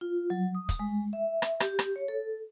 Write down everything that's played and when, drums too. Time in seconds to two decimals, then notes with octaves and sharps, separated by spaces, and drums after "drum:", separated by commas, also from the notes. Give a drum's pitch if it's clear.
0.01 F4
0.30 F#3
0.55 D#6
0.69 drum: kick, hi-hat
0.79 G#3
1.13 E5
1.42 drum: rim click
1.60 G4, drum: rim click
1.79 drum: rim click
1.96 C#5
2.08 A4